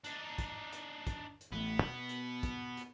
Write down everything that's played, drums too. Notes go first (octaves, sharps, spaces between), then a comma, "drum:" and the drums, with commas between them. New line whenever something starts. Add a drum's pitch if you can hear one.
D4 D#4, drum: hi-hat
drum: kick, hi-hat
drum: hi-hat
drum: kick, hi-hat
drum: hi-hat
A1 A3 B3
B2
drum: hi-hat
drum: kick, hi-hat
drum: hi-hat